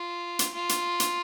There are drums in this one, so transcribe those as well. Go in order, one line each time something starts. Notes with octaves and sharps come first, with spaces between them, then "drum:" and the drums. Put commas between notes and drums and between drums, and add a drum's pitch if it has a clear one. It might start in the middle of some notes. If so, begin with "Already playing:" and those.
Already playing: F4
drum: hi-hat
F4
drum: hi-hat
drum: hi-hat